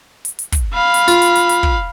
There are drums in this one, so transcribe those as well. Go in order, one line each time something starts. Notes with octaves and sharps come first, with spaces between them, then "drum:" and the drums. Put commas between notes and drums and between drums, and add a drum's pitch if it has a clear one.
drum: hi-hat
drum: hi-hat
drum: kick, hi-hat
F5 B5
drum: hi-hat
F4, drum: hi-hat
drum: hi-hat
drum: hi-hat
drum: hi-hat
drum: kick